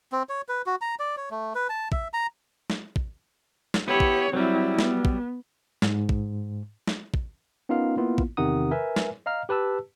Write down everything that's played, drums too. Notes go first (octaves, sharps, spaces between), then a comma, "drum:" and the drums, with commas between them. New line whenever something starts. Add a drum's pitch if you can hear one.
C4
C#5
B4
F#4
A#5
D5
C#5
A3
B4
A5
E5, drum: kick
A#5
drum: snare
drum: kick
drum: snare
B3 E4 G4 C#5
drum: kick
F#3 G3 C4 E4
B3, drum: snare
drum: kick
G#2, drum: snare
drum: kick
drum: snare
drum: kick
B3 C#4 D#4 F4 A#4 F5
A#3 B3 E4 F4
drum: kick
E2 C3 D#3 F#5 A#5 D#6
A#4 B4 E5 G#5
drum: snare
D#5 F5 A#5 F6
G4 B4 A5 E6